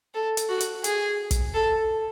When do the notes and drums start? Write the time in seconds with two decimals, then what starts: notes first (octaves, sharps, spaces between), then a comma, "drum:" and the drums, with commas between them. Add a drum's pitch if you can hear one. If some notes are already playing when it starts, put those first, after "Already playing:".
0.14 A4
0.37 drum: hi-hat
0.49 F#4
0.60 drum: hi-hat
0.84 G#4, drum: hi-hat
1.31 drum: kick, hi-hat
1.54 A4